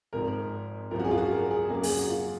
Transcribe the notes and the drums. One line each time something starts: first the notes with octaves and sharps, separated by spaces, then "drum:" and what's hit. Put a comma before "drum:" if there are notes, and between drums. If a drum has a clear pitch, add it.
G#1 G#2 F3 A#4
G#1 F#2 F3 A#4
F#4
G#4
F4
F#4
A#4
G#4
F#2 C#3 F#3 A#3 G#4
G#4, drum: open hi-hat
F#4
F4